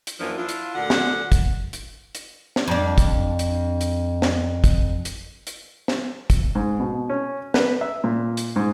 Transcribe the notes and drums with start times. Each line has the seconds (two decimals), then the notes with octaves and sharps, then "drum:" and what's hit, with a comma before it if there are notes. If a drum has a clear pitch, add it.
0.07 drum: hi-hat
0.20 F#2 E3 F3 A#3 D4
0.38 D4 E4 F4
0.49 drum: hi-hat
0.75 D2 A#2 D3 F#5
0.90 drum: snare
1.32 drum: kick, hi-hat
1.73 drum: hi-hat
2.15 drum: hi-hat
2.56 drum: snare
2.68 F2 D4
2.98 drum: kick, hi-hat
3.39 drum: hi-hat
3.81 drum: hi-hat
4.22 drum: snare
4.64 drum: kick, hi-hat
5.05 drum: hi-hat
5.47 drum: hi-hat
5.88 drum: snare
6.30 drum: kick, hi-hat
6.55 G#2
6.80 B2
7.10 C#4
7.54 B4, drum: snare
7.81 E5
8.04 A#2
8.37 drum: hi-hat
8.56 G#2